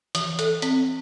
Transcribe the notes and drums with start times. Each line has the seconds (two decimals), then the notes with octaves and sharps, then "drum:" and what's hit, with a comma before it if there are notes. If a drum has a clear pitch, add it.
0.15 E3, drum: hi-hat
0.39 A4, drum: hi-hat
0.62 C4, drum: hi-hat